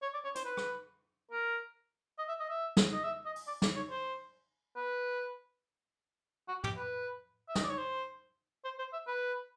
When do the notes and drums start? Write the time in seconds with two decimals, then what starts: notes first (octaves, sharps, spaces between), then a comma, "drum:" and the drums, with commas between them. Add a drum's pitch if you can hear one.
0.02 C#5
0.14 D5
0.24 C#5
0.35 C5, drum: hi-hat
0.45 B4
0.57 drum: rim click
1.31 A#4
2.19 D#5
2.29 E5
2.40 D#5
2.50 E5
2.77 drum: snare
2.93 D#5
3.04 E5
3.26 D#5
3.36 drum: open hi-hat
3.47 D5
3.62 D5, drum: snare
3.76 C#5
3.90 C5
4.76 B4
6.48 F#4
6.64 G4, drum: tom
6.77 B4
7.49 E5
7.55 D#5, drum: snare
7.64 D5
7.70 C#5
7.78 C5
8.65 C5
8.79 C5
8.93 E5
9.07 B4